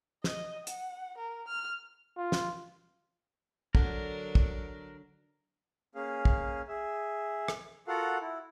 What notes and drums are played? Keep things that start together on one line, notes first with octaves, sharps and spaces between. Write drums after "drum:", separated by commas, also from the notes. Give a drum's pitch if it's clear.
D#5, drum: snare
F#5, drum: hi-hat
A#4
F6
F4
drum: snare
D3 F#3 D4 A#4, drum: kick
drum: kick
A#3 C#4 G#4 F5
drum: kick
G#4 E5
drum: rim click
F4 F#4 A4 A#4 F5 F#5
E4